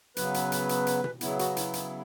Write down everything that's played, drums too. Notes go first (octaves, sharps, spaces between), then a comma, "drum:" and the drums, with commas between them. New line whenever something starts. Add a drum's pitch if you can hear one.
C#3 F#3 B3 B4, drum: hi-hat
drum: hi-hat
drum: hi-hat
drum: hi-hat
drum: hi-hat
drum: tom B2
C#3 F#3 B3 E4, drum: hi-hat
F#4, drum: hi-hat
E4, drum: hi-hat
drum: hi-hat